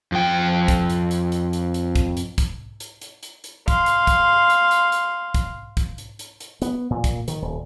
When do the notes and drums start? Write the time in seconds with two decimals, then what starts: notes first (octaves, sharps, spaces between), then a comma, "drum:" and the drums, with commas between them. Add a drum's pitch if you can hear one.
0.12 F2 G5
0.68 drum: kick, hi-hat
0.90 drum: hi-hat
1.11 drum: hi-hat
1.32 drum: hi-hat
1.53 drum: hi-hat
1.74 drum: hi-hat
1.96 drum: kick, hi-hat
2.17 drum: hi-hat
2.38 drum: kick, hi-hat
2.80 drum: hi-hat
3.01 drum: hi-hat
3.23 drum: hi-hat
3.44 drum: hi-hat
3.68 F5 C6, drum: kick, hi-hat
3.86 drum: hi-hat
4.07 drum: kick, hi-hat
4.50 drum: hi-hat
4.71 drum: hi-hat
4.92 drum: hi-hat
5.34 drum: kick, hi-hat
5.77 drum: kick, hi-hat
5.98 drum: hi-hat
6.19 drum: hi-hat
6.40 drum: hi-hat
6.62 B3, drum: hi-hat
6.90 A#2
7.04 drum: kick, hi-hat
7.28 D#3, drum: hi-hat
7.42 D#1